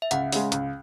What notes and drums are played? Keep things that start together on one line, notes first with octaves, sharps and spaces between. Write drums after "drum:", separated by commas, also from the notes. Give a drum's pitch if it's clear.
E5
C#2 F#5, drum: hi-hat
C#3 G#3, drum: open hi-hat
C#2, drum: hi-hat